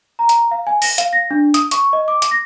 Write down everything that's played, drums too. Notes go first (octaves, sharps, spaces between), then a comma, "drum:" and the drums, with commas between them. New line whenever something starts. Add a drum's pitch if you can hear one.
A#5
drum: hi-hat
F5
G#5
A#6, drum: open hi-hat
F5, drum: hi-hat
A#6
D4
D#6, drum: hi-hat
C#6, drum: hi-hat
D#5
D6
drum: hi-hat
A#6